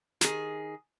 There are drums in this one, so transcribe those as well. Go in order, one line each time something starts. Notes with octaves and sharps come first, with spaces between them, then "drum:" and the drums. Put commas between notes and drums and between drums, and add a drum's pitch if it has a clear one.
D#3 G#4, drum: snare